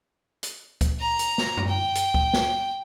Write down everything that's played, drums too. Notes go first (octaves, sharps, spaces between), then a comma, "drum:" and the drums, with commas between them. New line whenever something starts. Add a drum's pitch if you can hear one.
drum: hi-hat
drum: kick C#2, hi-hat
A#5
drum: hi-hat
drum: snare
drum: tom F#2
G5
drum: hi-hat
drum: kick C#2
drum: snare